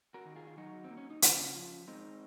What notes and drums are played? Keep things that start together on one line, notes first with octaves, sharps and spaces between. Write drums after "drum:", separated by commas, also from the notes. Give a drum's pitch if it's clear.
F#4 A#4
D#3
F4 G#4
F4
F#3 D#4 F#4
C4
A#3
C#4
D#4
C#3 C#4 F4, drum: hi-hat
F3
G#3 C4 D#4